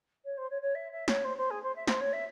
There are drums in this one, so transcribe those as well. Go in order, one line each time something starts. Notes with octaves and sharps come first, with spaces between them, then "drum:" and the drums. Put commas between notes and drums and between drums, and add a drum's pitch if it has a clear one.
C#5
C5
C#5
C#5
E5
E5
C#5, drum: snare
C5
C5
G#4
C5
E5
C5, drum: snare
C#5
E5